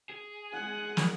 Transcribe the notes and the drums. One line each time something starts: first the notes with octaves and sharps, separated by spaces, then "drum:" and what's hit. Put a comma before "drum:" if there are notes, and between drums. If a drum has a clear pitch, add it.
G#4
G#3 F#5
drum: snare